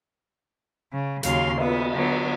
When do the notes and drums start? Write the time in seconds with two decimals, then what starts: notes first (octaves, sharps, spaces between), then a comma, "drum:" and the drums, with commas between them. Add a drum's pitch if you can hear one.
0.93 C#3
1.23 D#2 C#3 F#3 F5 C6, drum: hi-hat
1.58 B3 B4, drum: cymbal
1.93 D3 F#3 B3